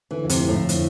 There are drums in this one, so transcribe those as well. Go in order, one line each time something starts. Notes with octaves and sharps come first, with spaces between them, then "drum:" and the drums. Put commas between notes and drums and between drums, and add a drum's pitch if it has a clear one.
D3 E3
F2
C3, drum: hi-hat
A3
A2
F2
D3, drum: hi-hat